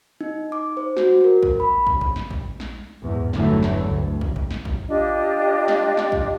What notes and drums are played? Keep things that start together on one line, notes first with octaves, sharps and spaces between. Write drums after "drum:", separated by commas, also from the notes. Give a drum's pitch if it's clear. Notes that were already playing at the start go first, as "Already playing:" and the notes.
D#4
D6
C5
F#4, drum: snare
A#4
drum: kick
B5
drum: kick
drum: kick
drum: snare
drum: kick
drum: snare
E2 G#2
G1 E2 D3 E3 F#3 A3, drum: snare
drum: snare
D2
drum: kick
drum: kick
drum: snare
drum: kick
D4 F4 G4 D#5
drum: snare
drum: snare
drum: kick